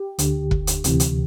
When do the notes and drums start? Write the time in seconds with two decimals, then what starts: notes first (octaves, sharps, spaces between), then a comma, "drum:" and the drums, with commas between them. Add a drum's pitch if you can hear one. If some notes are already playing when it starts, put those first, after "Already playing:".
Already playing: G4
0.19 D2 D3, drum: hi-hat
0.51 drum: kick
0.67 drum: hi-hat
0.84 D2 C3 E3, drum: hi-hat
1.00 drum: hi-hat